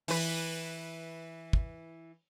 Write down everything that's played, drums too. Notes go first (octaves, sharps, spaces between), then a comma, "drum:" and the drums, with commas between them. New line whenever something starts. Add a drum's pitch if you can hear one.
E3 B4, drum: open hi-hat
drum: kick